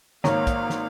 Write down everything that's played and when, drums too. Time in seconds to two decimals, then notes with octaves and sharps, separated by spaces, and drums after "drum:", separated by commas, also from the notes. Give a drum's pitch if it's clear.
0.24 G#1 A#3 C#5 F5 A#5, drum: snare
0.47 drum: kick, hi-hat
0.70 drum: snare